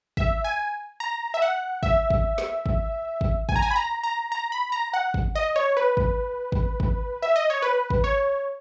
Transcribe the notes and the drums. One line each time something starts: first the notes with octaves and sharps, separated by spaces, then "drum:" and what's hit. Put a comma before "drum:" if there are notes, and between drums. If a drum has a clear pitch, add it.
E5, drum: kick
G#5
A#5
E5
F#5
E5, drum: kick
drum: kick
drum: snare
drum: kick
drum: kick
G#5, drum: kick
A#5
G#5
B5
A#5
A#5
A#5
B5
A#5
F#5
drum: kick
D#5
C#5
B4
drum: kick
drum: kick
drum: kick
E5
D#5
C#5
B4
drum: kick
C#5